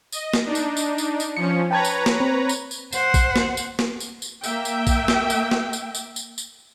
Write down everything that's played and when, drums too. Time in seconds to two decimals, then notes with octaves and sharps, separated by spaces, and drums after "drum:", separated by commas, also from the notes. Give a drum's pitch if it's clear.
0.12 D#5, drum: tambourine
0.34 drum: snare
0.46 D4 D#4
0.55 drum: tambourine
0.77 drum: tambourine
0.98 drum: tambourine
1.20 drum: tambourine
1.36 F3 C#4 C#7
1.71 B4 C#5 G5 A5 A#5 G#6
1.85 drum: tambourine
2.06 drum: snare
2.20 C4
2.49 drum: tambourine
2.71 drum: tambourine
2.93 C5 F#5, drum: tambourine
3.14 drum: kick A1, tambourine
3.36 drum: snare
3.57 drum: tambourine
3.79 drum: snare
4.00 drum: tambourine
4.22 drum: tambourine
4.44 A#3 E5 G5, drum: tambourine
4.65 drum: tambourine
4.87 drum: kick A1, tambourine
5.08 drum: snare
5.30 drum: tambourine
5.51 drum: snare
5.73 drum: tambourine
5.95 drum: tambourine
6.16 drum: tambourine
6.38 drum: tambourine